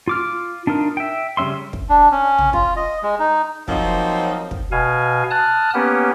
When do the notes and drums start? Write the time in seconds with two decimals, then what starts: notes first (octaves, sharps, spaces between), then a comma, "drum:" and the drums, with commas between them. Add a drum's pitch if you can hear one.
0.08 F4 D6 F6
0.67 D4 D#4 F4 A#4
0.97 E5 G5
1.37 C#3 G3 C#4 E5 C6
1.73 drum: kick
1.89 D4
2.12 C#4
2.39 drum: tom
2.53 F4, drum: kick
2.76 D#5
3.03 G#3
3.19 D#4
3.68 F3 F#3 A#3 C4 D#4, drum: kick
4.51 drum: kick
4.72 B2 F5 G#5
5.31 A5 D#6 F6 F#6
5.74 A#3 B3 C#4 G4 B4